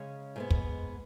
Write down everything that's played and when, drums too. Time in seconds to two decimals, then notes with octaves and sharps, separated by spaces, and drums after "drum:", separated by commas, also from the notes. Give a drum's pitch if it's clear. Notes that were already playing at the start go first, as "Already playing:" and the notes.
Already playing: C#3 G#3 C#4
0.36 G#2 G#3 B3
0.51 drum: kick